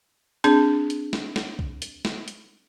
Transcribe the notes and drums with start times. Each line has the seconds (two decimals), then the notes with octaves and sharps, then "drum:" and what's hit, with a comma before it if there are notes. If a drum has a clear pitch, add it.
0.44 C4 D4 G#4, drum: hi-hat
0.90 drum: hi-hat
1.13 drum: snare
1.36 drum: snare
1.59 drum: kick
1.82 drum: hi-hat
2.05 drum: snare
2.28 drum: hi-hat